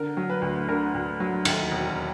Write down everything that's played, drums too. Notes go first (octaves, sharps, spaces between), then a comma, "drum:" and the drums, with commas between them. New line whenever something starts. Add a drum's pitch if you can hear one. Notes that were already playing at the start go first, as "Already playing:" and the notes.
Already playing: D3 A#4
F#3
B4
D2
D3 A#4
D2
F#3
D#2, drum: cymbal
E1